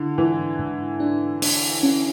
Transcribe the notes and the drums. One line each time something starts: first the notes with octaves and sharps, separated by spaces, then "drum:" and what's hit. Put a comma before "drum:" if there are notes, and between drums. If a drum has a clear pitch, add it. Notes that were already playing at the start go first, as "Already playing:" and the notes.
Already playing: D3 E4
G#2 E3
G#2
D4
D4, drum: open hi-hat
C#4